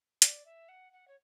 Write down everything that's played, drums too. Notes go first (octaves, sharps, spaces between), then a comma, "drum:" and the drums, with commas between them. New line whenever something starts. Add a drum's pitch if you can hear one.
D5, drum: hi-hat
E5
F#5
F#5
C#5